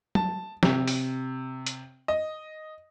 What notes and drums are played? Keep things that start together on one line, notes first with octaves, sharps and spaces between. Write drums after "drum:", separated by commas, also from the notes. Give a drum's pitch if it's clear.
A5, drum: tom
C3, drum: snare
drum: open hi-hat
drum: hi-hat
D#5